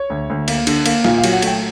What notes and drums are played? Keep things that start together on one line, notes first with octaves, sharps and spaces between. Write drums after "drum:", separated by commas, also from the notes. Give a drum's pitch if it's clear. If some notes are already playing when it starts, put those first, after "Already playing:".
Already playing: C#5
D2
D2
A#3, drum: cymbal
D3, drum: cymbal
A#3, drum: cymbal
A#2 F5, drum: snare
F5
F#3, drum: cymbal
F#5
A3 G5, drum: cymbal